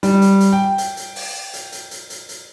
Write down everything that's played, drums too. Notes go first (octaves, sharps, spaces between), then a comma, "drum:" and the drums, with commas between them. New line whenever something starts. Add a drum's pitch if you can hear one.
G3, drum: hi-hat
drum: hi-hat
drum: hi-hat
G5
drum: hi-hat
drum: hi-hat
drum: open hi-hat
drum: hi-hat
drum: hi-hat
drum: hi-hat
drum: hi-hat
drum: hi-hat